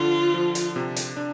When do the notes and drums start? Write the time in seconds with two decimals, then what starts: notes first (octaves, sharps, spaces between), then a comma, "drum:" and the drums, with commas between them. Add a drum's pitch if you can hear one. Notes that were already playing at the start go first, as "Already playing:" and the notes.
Already playing: D3 F3 F4
0.34 F3
0.55 drum: hi-hat
0.76 C3
0.96 drum: hi-hat
1.17 D4